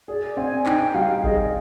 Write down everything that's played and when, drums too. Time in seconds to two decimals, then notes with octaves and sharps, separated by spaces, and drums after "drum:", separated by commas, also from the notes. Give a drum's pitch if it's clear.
0.08 G#4 D5
0.37 C4 G#5
0.66 D#4 G5, drum: clap
0.94 G3 F5
1.24 G#4 D#5, drum: kick G#1
1.45 D5